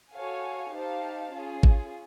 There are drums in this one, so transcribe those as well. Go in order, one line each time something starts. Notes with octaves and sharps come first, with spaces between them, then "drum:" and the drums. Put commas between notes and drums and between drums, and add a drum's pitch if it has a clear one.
F#4 A4 C#5 F5 G#5
D#4 G4 C5 F5 A5
C#4 F4 G#4
drum: kick